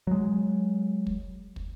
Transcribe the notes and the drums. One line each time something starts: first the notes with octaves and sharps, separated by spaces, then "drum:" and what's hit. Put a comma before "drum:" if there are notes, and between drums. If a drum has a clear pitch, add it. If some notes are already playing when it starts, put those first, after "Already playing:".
F#3 G#3
drum: kick
drum: kick